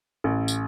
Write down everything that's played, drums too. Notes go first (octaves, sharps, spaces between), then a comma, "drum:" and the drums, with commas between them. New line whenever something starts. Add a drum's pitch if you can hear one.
A1
drum: tambourine